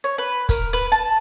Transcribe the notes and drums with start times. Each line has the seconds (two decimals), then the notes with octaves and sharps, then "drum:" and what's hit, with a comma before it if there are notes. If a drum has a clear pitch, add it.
0.04 C#5
0.18 B4
0.49 A#4, drum: kick, hi-hat
0.73 B4
0.92 A5